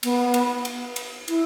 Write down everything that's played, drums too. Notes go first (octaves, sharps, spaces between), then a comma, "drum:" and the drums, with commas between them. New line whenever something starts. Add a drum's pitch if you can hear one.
B3, drum: cymbal
drum: cymbal
drum: cymbal
drum: cymbal
E4, drum: cymbal